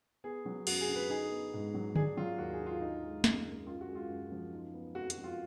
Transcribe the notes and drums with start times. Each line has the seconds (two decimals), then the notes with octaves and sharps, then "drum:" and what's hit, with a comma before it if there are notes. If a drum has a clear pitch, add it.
0.24 B3 G#4
0.45 F#3
0.67 F#2 F#4, drum: cymbal
0.81 G#4
0.88 D3
0.95 B4
1.09 D#4 G#4
1.31 B3
1.53 G#2
1.74 F#3
1.95 D4 G#4, drum: tom D3
2.17 F#3 F4
2.38 D#2 F#4
2.53 G#4
2.59 D3
2.66 F4
2.81 D#4
3.03 G#3
3.24 F#2, drum: snare
3.45 D3
3.67 F#2 F4
3.81 F#4
3.88 G#3
3.95 F4
4.10 F#2
4.31 F3
4.52 D#4
4.74 B3
4.95 F2 F#4
5.10 F#4, drum: hi-hat
5.17 F3
5.24 F4